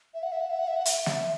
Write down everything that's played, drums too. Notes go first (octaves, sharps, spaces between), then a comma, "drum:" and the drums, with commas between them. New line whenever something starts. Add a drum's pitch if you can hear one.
E5
F#5
E5
F#5
E5
F#5
E5
F#5
E5, drum: hi-hat
drum: snare